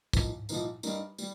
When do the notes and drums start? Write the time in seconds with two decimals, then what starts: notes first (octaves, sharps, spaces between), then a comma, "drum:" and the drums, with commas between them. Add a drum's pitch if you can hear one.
0.13 C2 A#2 F3 D#4 A#4, drum: kick, tambourine
0.49 C2 A#2 F3 D#4 A#4, drum: tambourine
0.83 G2 G3 D#4 A#4, drum: tambourine
1.18 G3, drum: tambourine